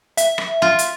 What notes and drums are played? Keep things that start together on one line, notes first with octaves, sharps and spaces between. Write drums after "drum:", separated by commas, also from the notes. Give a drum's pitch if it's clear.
E5, drum: hi-hat
drum: rim click
F4
drum: hi-hat